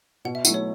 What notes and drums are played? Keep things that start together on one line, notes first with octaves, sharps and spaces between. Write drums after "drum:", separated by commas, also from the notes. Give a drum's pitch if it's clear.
B2 F#5
E5
F#3 A3 E4 F#5, drum: tambourine
C#5